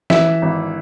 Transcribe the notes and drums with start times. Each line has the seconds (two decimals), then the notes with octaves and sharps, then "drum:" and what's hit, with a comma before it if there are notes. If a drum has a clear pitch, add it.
0.10 E3 E5, drum: snare
0.42 G#1